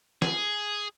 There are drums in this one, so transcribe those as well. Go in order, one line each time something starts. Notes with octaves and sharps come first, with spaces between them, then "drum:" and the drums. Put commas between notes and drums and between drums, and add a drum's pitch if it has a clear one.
G#4, drum: snare